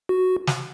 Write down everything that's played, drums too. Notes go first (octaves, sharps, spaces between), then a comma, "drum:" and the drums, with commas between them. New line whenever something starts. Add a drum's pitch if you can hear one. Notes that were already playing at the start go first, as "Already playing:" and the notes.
F#4
drum: snare